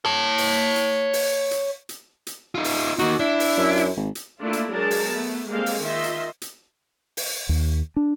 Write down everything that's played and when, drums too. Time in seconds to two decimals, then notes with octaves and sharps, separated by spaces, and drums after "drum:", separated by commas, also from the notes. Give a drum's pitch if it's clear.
0.05 C#5 A5
0.38 drum: open hi-hat
0.76 drum: hi-hat
1.13 drum: open hi-hat
1.51 drum: hi-hat
1.89 drum: hi-hat
2.27 drum: hi-hat
2.55 D#4 F4
2.64 drum: open hi-hat
2.99 A#3 D#4 F#4, drum: hi-hat
3.19 D4 E4
3.40 drum: open hi-hat
3.57 F#2
3.77 drum: hi-hat
3.96 G#1
4.15 drum: hi-hat
4.41 A3 A#3 D4 E4 F4
4.53 drum: hi-hat
4.72 F#3 G#3 D4 G#4 A#4 A5
4.91 drum: open hi-hat
5.10 A3 B3
5.48 G3 G#3 A#3 C4 A4 F5
5.66 drum: open hi-hat
5.80 D#3 F4 D#5 E5 C6
6.04 drum: hi-hat
6.42 drum: hi-hat
7.17 drum: open hi-hat
7.49 D#2
7.96 D4